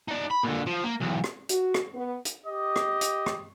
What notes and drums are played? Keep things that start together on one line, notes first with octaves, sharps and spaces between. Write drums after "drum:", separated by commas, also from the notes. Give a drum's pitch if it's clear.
D#4 D5
B5
A#2 D3
F3
A#3
B1 E2
drum: rim click
F#4, drum: hi-hat
drum: rim click
B3
drum: hi-hat
G4 D#5
drum: rim click
drum: hi-hat
drum: rim click